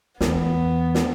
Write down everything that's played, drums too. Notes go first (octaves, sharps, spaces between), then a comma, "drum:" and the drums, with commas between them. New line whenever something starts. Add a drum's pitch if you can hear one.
E2 B3, drum: snare
drum: snare